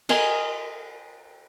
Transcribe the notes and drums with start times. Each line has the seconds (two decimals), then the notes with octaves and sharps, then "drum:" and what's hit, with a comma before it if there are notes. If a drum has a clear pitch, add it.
0.09 A#4 D#5 G#5 C6, drum: cymbal